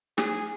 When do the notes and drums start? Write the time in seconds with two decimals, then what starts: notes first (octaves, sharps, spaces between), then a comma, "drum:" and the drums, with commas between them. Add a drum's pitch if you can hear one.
0.18 G#4, drum: snare